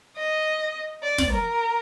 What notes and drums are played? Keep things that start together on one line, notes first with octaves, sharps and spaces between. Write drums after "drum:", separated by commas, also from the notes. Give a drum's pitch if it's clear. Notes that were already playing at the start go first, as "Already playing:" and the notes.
D#5
D5
drum: snare
A#4